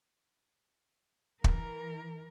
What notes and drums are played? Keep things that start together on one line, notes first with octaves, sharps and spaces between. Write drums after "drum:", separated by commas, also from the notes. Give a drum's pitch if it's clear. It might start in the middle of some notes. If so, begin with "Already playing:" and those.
E3 A#4, drum: kick